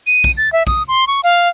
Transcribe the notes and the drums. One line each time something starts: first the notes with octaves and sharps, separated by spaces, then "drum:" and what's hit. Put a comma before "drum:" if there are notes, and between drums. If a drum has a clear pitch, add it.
D#7, drum: tambourine
drum: kick B1, tambourine
A6
E5
D#6, drum: kick B1, tambourine
C6
C#6
F5, drum: tambourine